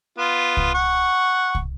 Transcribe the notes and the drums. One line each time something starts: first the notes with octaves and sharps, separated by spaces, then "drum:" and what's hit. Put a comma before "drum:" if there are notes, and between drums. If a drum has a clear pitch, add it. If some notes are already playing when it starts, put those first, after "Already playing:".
B3 F4
drum: kick C2
F#5 C#6
drum: kick C2